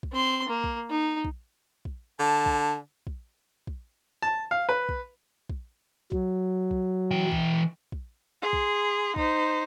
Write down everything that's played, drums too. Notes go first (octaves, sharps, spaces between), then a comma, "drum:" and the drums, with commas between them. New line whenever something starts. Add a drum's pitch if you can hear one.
drum: kick
C4 C6
A#3
drum: kick
D#4
drum: kick
drum: kick
D3 A5
drum: kick
drum: kick
drum: kick
A5
F5
B4
drum: kick
drum: kick
F#3, drum: kick
drum: kick
E3 G5
drum: kick
drum: kick
G#4 C6
drum: kick
D#4 C5, drum: kick